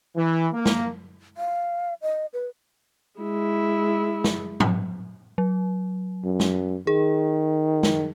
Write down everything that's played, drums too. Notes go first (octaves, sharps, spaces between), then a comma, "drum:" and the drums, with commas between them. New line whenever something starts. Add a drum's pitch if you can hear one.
E3
A#3
drum: snare
F5
D#5
B4
G#3 E4
drum: snare
drum: tom G#2
F#3
F#2
drum: snare
D#3 G#4
drum: snare